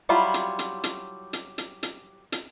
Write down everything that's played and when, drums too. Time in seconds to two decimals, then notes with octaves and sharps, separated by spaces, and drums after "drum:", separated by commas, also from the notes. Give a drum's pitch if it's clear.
0.09 F#3 G3 E4 F4
0.34 drum: hi-hat
0.59 drum: hi-hat
0.84 drum: hi-hat
1.33 drum: hi-hat
1.58 drum: hi-hat
1.83 drum: hi-hat
2.32 drum: hi-hat